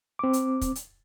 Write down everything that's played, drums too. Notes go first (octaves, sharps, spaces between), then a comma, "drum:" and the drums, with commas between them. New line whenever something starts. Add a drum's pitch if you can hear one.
C4 D6
drum: hi-hat
drum: kick, hi-hat
drum: hi-hat